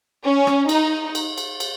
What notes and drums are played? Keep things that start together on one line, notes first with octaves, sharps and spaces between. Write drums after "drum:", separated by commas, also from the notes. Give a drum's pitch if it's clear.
C#4
drum: rim click
D#4, drum: cymbal
drum: cymbal
drum: cymbal
drum: cymbal